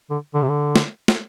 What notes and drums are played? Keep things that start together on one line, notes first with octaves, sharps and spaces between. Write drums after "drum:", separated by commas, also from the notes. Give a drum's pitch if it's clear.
D3
D3
C3
D3
drum: snare
drum: snare